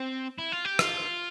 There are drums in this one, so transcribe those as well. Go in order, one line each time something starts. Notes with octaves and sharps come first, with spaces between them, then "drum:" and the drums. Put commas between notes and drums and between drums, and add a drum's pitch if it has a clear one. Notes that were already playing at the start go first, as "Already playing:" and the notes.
Already playing: C4
E4
F4
G4
F4, drum: rim click